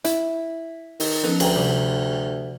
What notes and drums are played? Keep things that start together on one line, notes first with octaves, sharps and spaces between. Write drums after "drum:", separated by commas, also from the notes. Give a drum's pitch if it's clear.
E4, drum: hi-hat
D#3, drum: open hi-hat
F3 B3 C#4 D#4 A4
D2 G#4 B4 G5 A#5, drum: cymbal
C3 G3